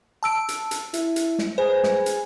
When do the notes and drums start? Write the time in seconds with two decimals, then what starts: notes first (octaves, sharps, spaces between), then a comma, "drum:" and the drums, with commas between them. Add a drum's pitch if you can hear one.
0.23 A5 E6 D7
0.49 drum: hi-hat
0.71 drum: hi-hat
0.94 E4, drum: hi-hat
1.16 drum: hi-hat
1.39 drum: snare
1.58 G#4 B4 C5
1.83 drum: snare
2.06 drum: hi-hat